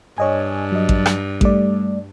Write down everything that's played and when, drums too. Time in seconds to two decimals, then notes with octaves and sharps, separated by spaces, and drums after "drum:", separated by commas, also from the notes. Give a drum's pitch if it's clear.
0.18 G2 C#5 D#5 G#5
0.72 F#3 D#5
0.89 drum: kick A1
1.06 drum: rim click
1.41 G3 A3 D5, drum: kick A1